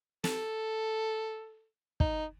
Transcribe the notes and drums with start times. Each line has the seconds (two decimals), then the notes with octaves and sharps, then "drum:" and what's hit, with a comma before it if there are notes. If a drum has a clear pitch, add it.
0.24 A4, drum: snare
2.00 D#4, drum: kick